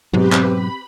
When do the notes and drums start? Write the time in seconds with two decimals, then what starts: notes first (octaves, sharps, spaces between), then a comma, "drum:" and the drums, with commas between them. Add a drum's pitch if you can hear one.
0.13 G#2 B2 F#3 C4 G4 B4
0.33 drum: clap
0.52 B5